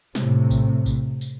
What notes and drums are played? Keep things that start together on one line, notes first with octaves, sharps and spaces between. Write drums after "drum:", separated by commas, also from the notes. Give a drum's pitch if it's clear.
A2 C3, drum: snare
drum: kick A#1, tambourine
drum: kick A#1, tambourine
drum: tambourine